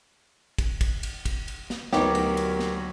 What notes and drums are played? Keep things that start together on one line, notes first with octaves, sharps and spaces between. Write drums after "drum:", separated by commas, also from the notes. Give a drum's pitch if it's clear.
drum: kick, cymbal
drum: kick, cymbal
drum: cymbal
drum: kick, cymbal
drum: cymbal
drum: snare
D2 F#3 B3 D#4 G4 A#4 C#5, drum: snare
drum: cymbal
drum: cymbal
drum: snare